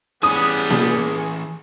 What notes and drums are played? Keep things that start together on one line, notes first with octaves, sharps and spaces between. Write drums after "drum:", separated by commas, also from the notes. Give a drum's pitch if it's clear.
E3 G3 B3 C#4 G#4 D#6
drum: snare A#3